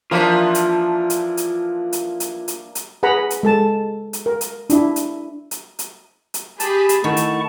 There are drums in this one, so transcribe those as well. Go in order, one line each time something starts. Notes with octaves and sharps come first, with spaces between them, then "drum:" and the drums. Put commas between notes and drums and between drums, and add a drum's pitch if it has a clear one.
E3 F3 A#3 D4 F4 E5 B5
drum: hi-hat
drum: hi-hat
drum: hi-hat
drum: hi-hat
drum: hi-hat
drum: hi-hat
drum: hi-hat
G#4 B4 F#5 A#5 B5
drum: hi-hat
G#3 A4 A5
drum: hi-hat
A#4
drum: hi-hat
D4 E4, drum: hi-hat
drum: hi-hat
drum: hi-hat
drum: hi-hat
drum: hi-hat
G4 G#4 A5 B5, drum: hi-hat
drum: hi-hat
D#3 A3 E4 F#5 C#6
drum: hi-hat